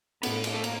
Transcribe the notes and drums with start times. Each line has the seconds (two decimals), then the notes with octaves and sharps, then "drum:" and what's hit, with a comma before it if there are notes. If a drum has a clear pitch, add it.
0.23 A2 B3, drum: cymbal
0.44 drum: cymbal
0.54 A3
0.64 A#3, drum: cymbal